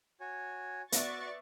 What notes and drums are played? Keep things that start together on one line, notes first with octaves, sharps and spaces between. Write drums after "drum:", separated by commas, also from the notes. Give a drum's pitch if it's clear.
F#4 C#5 G#5
B3 F#4 D5 E5 C#6 A6, drum: hi-hat